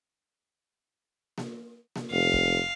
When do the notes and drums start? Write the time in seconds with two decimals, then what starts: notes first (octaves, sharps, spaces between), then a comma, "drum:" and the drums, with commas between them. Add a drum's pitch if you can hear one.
1.38 drum: snare A#3
1.96 drum: snare A#3
2.12 F1 F5
2.33 drum: kick